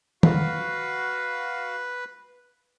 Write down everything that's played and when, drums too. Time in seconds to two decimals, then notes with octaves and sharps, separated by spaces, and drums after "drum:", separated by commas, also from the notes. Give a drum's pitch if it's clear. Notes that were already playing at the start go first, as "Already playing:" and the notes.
0.23 F#4 B4 F5, drum: tom D#3